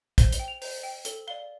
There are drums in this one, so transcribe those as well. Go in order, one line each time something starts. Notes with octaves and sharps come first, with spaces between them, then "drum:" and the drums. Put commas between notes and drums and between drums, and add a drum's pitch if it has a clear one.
C5 G7, drum: kick, hi-hat
G7, drum: hi-hat
G5
F7
C5, drum: open hi-hat
G5
A4 G7, drum: hi-hat
D5 F5 G7